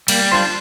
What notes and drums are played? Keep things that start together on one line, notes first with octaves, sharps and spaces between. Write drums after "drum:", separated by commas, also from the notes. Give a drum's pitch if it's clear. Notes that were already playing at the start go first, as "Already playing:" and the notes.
G3 A#3, drum: cymbal
D4 F4 C5